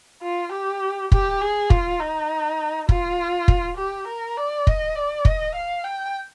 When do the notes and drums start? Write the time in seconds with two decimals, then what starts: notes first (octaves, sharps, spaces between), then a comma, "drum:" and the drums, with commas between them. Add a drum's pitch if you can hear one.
0.22 F4
0.52 G4
1.12 G4, drum: kick
1.41 G#4
1.70 F4, drum: kick
1.99 D#4
2.89 F4, drum: kick
3.48 drum: kick
3.77 G4
4.08 A#4
4.37 D5
4.67 D#5, drum: kick
4.96 D5
5.25 D#5, drum: kick
5.56 F5
5.84 G5